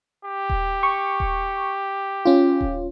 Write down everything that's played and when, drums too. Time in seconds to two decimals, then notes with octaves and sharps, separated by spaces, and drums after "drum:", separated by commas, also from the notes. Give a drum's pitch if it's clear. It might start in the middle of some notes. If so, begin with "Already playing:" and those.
0.25 G4
0.50 drum: kick D#1
0.83 C#6
1.20 drum: kick D#1
2.25 C#4 F4
2.61 drum: kick D#1